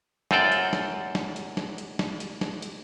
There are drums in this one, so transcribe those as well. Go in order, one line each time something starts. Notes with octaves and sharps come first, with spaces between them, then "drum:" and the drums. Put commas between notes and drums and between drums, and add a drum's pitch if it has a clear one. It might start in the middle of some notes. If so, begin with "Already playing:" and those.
F#2 C4 F4 A4 D5 G5, drum: snare
drum: hi-hat
drum: snare
drum: snare
drum: hi-hat
drum: snare
drum: hi-hat
drum: snare
drum: hi-hat
drum: snare
drum: hi-hat